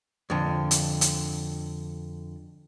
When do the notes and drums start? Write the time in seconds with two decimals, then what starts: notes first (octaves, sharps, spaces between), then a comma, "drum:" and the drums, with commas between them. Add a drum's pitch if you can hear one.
0.30 F2 D3
0.71 drum: hi-hat
1.01 drum: hi-hat